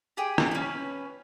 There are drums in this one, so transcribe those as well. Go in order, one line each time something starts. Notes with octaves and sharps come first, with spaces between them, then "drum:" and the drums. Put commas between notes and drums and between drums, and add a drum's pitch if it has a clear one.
G4 G#4 G5
drum: rim click
C#4 B4